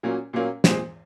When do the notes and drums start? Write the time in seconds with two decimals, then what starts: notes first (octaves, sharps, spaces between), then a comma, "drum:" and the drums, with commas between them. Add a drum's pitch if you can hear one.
0.03 A#2 F#3 A#3 C#4
0.33 A#2 F#3 A#3 C#4
0.64 A#2 G#3 C4, drum: snare